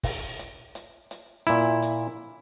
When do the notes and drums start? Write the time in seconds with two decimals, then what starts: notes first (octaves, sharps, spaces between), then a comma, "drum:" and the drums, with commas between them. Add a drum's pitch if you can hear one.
0.03 drum: kick, open hi-hat
0.39 drum: hi-hat
0.75 drum: hi-hat
1.11 drum: hi-hat
1.47 A#2 E4, drum: hi-hat
1.82 drum: hi-hat